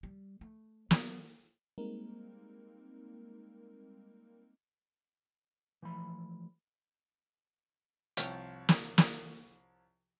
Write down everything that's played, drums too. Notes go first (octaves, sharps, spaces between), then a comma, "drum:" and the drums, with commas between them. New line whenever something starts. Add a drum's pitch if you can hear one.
G3
A3
F#3 B3, drum: snare
G3 G#3 A#3 C4 D#4 A#4
E3 F3 A3 B5
C2 F3 C#5 G5 F6, drum: hi-hat
drum: snare
drum: snare